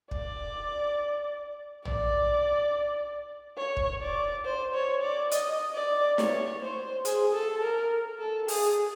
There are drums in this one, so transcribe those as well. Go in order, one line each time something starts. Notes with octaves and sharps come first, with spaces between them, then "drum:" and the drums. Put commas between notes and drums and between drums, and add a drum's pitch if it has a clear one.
D5, drum: kick
D5, drum: tom
C#5
drum: kick
D5
C5
C#5
D5
D#5, drum: hi-hat
D5
C#5, drum: snare
C5
G#4, drum: hi-hat
A4
A#4
A4
G#4, drum: open hi-hat